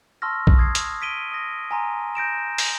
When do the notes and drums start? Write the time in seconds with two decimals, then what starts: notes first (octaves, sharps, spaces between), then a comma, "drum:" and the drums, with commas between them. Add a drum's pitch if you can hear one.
0.22 A5 C6 C#6 E6 F6 A#6
0.47 drum: kick B1
0.58 D#6 G#6 C7
0.75 drum: hi-hat
1.02 B6 D7 D#7 G7
1.32 D#6 A#6
1.71 G#5 A#5 C6
2.15 G6 A#6 D7 E7
2.58 drum: open hi-hat